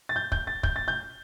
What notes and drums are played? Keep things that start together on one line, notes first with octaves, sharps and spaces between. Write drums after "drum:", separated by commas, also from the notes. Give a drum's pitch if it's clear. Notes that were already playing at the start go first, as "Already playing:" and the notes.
A6
G6
G6, drum: kick
A6
G6, drum: kick
A6
G6